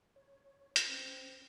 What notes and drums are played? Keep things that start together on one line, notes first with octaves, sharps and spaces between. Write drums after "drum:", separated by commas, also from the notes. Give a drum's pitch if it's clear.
C#5
drum: hi-hat
C4 C#4